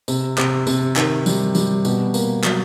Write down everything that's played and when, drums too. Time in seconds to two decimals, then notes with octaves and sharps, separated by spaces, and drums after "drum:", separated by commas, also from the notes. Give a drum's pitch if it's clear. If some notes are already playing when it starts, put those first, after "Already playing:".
0.08 C3, drum: tambourine
0.38 C3, drum: clap
0.67 C3, drum: tambourine
0.96 D#3, drum: clap
1.26 G3, drum: tambourine
1.55 G3, drum: tambourine
1.85 B2, drum: tambourine
2.14 A#3, drum: tambourine
2.44 F#3, drum: clap